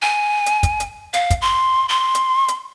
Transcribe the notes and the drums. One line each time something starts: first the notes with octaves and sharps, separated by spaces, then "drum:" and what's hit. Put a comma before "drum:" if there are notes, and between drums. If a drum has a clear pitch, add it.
G#5
drum: hi-hat
drum: kick, hi-hat
drum: hi-hat
F5, drum: hi-hat
drum: kick, hi-hat
C6
C6
drum: hi-hat
drum: hi-hat